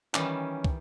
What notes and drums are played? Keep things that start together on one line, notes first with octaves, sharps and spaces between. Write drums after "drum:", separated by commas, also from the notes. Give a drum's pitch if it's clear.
D#3 E3 G3 C#4, drum: clap
drum: kick